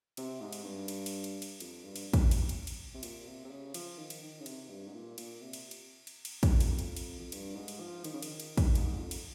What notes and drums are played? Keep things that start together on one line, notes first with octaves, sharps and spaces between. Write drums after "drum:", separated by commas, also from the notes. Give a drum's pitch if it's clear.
C3, drum: cymbal
G#2
drum: cymbal
G2
drum: cymbal
drum: cymbal
drum: cymbal
drum: cymbal
F2, drum: cymbal
G2
drum: cymbal
drum: kick, cymbal
drum: cymbal
drum: cymbal
drum: cymbal
C3
A#2, drum: cymbal
C3
C3
C#3
F3, drum: cymbal
D#3
drum: cymbal
D#3
C#3
C3, drum: cymbal
G2
G#2
A#2
A#2, drum: cymbal
C3
drum: cymbal
drum: cymbal
drum: cymbal
drum: cymbal
drum: kick, cymbal
F2, drum: cymbal
drum: cymbal
drum: cymbal
F2
G2, drum: cymbal
G#2
drum: cymbal
F3
D#3, drum: cymbal
C#3
D#3, drum: cymbal
drum: cymbal
drum: kick, cymbal
G#2, drum: cymbal
F2
drum: cymbal